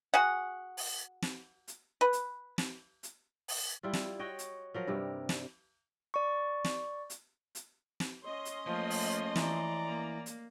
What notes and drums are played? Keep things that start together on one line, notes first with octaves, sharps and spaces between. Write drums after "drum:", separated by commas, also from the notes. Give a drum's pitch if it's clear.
F#4 G#4 F#5
drum: open hi-hat
drum: snare
drum: hi-hat
B4
drum: hi-hat
drum: snare
drum: hi-hat
drum: open hi-hat
G3 E4 F4
drum: snare
F#4 C#5 D#5 G5
drum: hi-hat
F3 F#3 A#4
G2 C3 G3
drum: snare
D5 C#6
drum: snare
drum: hi-hat
drum: hi-hat
drum: snare
C#4 D#5 C6
drum: hi-hat
F3 A3 A#3
drum: open hi-hat
E3 D5 A#5, drum: snare
A#3
drum: hi-hat